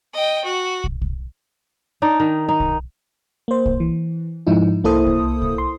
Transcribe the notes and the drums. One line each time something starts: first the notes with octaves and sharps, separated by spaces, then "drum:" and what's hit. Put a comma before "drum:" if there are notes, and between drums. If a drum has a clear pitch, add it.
D#5 G5
F#4
drum: kick
drum: kick
D4 D#4 D5
D#3
D#4
drum: kick
A#3 C5
drum: kick
E3
G#2 F3 D#4 E4
C2 A#3 E4 A4 C5 D#6
drum: kick
drum: kick
C6